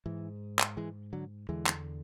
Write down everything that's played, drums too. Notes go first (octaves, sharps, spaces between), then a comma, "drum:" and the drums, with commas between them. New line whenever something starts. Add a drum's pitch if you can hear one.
G#2 E3
drum: clap
E3 G#3
D3 F#3
E2 D3 E3 G#3
drum: clap